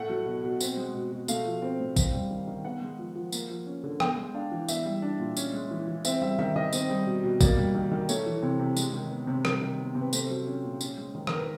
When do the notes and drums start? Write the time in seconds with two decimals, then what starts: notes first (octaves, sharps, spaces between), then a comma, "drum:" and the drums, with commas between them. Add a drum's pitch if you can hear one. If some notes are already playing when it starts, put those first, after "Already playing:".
Already playing: A2 A3 F#5
0.09 F#3
0.26 B2
0.44 B2
0.61 C4, drum: tambourine
0.77 G#3
0.95 B2
1.12 B2
1.28 A3 F5, drum: tambourine
1.45 F3
1.62 C4
1.80 A2
1.96 C4, drum: kick A1, tambourine
2.13 G3
2.30 D#3
2.47 D#3
2.64 B3 F#5
2.82 G#3
2.99 F3
3.15 F3
3.32 A#3, drum: tambourine
3.50 F3
3.66 C#4
3.84 D3
4.00 B3 G5, drum: rim click
4.18 G#3
4.34 D4 F5
4.52 E3
4.69 B3 E5, drum: tambourine
4.85 G3
5.02 D4
5.20 A#2
5.37 C#4, drum: tambourine
5.53 G#3
5.71 E3
5.88 E3
6.05 C4 E5, drum: tambourine
6.22 G3 E5
6.39 D#3 E5
6.56 D#3 D#5
6.73 C4, drum: tambourine
6.90 G3
7.06 B2
7.23 B2
7.41 A#3 D5, drum: kick A1, tambourine
7.57 G3
7.74 D#3
7.92 D#3
8.09 A3 C#5, drum: tambourine
8.26 E3
8.43 C3
8.59 C3
8.77 G#3, drum: tambourine
8.93 D#3
9.11 B3
9.27 C3
9.45 G3, drum: rim click
9.61 D#3
9.79 B3
9.95 C3
10.01 B4
10.13 A3 C5, drum: tambourine
10.30 F#3
10.47 C#4
10.64 A#2
10.81 C#4, drum: tambourine
10.98 G#3
11.15 D#3
11.27 D#3 A#4, drum: rim click
11.38 B4